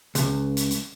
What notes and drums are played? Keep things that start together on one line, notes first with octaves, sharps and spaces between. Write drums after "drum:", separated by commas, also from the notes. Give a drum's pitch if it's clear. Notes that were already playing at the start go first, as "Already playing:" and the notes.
C#2, drum: hi-hat
drum: hi-hat
drum: hi-hat